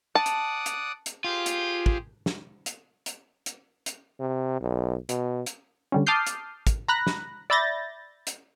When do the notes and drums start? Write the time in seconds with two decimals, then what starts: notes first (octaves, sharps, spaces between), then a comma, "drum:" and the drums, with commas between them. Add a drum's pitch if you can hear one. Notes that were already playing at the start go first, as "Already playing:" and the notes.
0.15 D5 F#5 A5 D#6
0.26 drum: hi-hat
0.66 drum: hi-hat
1.06 drum: hi-hat
1.24 F4 G4 G#4 C5
1.46 drum: hi-hat
1.86 drum: kick
2.26 drum: snare
2.66 drum: hi-hat
3.06 drum: hi-hat
3.46 drum: hi-hat
3.86 drum: hi-hat
4.20 C3
4.61 B1
5.09 B2, drum: hi-hat
5.46 drum: hi-hat
5.92 D3 G3 C#4
6.07 A5 D6 D#6 F6 G6 C7
6.27 drum: hi-hat
6.67 drum: kick, hi-hat
6.88 A#5 B5 F#6 A#6
7.07 drum: snare
7.50 D5 E5 B5 G6 A6 A#6
8.27 drum: hi-hat